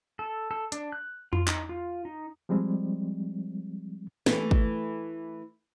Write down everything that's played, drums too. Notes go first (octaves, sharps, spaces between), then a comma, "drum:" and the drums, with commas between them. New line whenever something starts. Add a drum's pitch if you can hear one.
A4
A4
D4, drum: hi-hat
F#6
F4, drum: tom F2
D#4, drum: clap
F4
D#4
F3 G3 G#3 C4
E3 A3, drum: snare
drum: kick